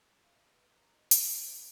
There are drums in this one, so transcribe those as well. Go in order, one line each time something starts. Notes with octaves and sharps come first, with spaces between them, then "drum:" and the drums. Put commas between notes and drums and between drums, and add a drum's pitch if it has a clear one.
F5
D#5
B4
A#5
D#5
F4, drum: hi-hat
F5
C5
B5